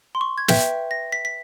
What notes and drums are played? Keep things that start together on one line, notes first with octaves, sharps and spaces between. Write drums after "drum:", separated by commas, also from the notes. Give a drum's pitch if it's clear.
C6
C#6
G#6
B4 E5 G5 G6, drum: snare
A#6
B6
B6